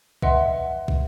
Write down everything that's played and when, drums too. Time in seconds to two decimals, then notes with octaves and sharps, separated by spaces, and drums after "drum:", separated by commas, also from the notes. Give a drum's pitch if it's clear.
0.22 B4 D#5 E5 F#5 C6, drum: kick
0.88 drum: kick